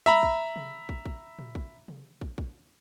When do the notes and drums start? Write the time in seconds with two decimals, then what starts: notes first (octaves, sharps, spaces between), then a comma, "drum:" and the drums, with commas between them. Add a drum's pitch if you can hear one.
0.06 E5 A#5 B5, drum: tom G3
0.23 drum: kick
0.56 drum: tom C3
0.89 drum: kick
1.06 drum: kick
1.39 drum: tom A#2
1.55 drum: kick
1.88 drum: tom C3
2.21 drum: kick
2.38 drum: kick